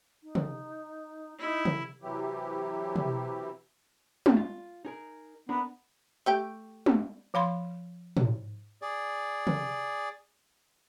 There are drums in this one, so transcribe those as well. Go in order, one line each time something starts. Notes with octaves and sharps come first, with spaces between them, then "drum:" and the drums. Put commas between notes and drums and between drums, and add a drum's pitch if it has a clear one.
D#4
drum: tom
D#4 E4
drum: tom
C3 E3 F#3 E4 G4
drum: tom
drum: tom
F4
D#4 G#4 A#4
B3 D4 A#4
A3 G4 G5
drum: tom
F3 F5 B5 C6
drum: tom
G#4 D5
drum: tom